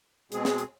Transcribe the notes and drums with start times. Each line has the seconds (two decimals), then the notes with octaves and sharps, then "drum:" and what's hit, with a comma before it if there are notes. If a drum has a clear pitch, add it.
0.32 B2 G#3 C4 G#4, drum: hi-hat
0.45 drum: snare
0.58 drum: hi-hat